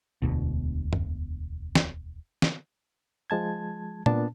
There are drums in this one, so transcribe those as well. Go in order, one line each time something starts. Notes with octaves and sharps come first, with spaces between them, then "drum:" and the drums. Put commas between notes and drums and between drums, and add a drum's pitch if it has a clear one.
E1 D2 B2
drum: tom F#2
drum: snare
drum: snare
F3 G#3 A5 G#6
A#2 B3 D4 A5, drum: tom A#2